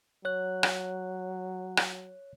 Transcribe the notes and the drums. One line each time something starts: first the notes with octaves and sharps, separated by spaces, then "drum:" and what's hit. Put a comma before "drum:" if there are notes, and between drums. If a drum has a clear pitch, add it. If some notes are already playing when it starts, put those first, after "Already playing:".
F#3 C#5 F#6
drum: rim click
drum: rim click